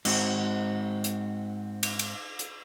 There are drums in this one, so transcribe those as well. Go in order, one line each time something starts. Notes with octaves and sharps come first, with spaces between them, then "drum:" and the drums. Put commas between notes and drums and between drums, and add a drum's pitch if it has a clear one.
G#2 C4 F#4, drum: cymbal
drum: hi-hat
drum: cymbal
drum: cymbal
drum: hi-hat